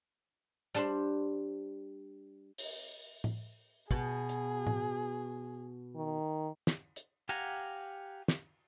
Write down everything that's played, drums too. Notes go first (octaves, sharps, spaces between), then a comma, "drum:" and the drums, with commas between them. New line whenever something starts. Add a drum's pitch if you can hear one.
G3 D4 G4 C5
drum: open hi-hat
drum: tom A2
B2 G#4, drum: kick
drum: hi-hat
drum: tom A2
D#3
drum: snare
drum: hi-hat
G4 F5 F#5 G#5 A#5, drum: cymbal
drum: snare